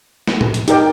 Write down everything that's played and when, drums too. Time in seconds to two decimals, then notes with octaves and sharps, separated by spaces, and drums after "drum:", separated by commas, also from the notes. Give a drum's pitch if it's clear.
0.28 drum: snare
0.41 drum: tom A2
0.54 drum: hi-hat
0.68 D#4 G4 A#4 D5 G5, drum: hi-hat